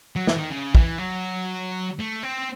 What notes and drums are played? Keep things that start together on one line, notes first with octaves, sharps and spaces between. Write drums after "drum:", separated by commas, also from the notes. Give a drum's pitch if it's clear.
F#3
E3, drum: snare
D#3
C#3
E3, drum: kick
F#3
A3
C4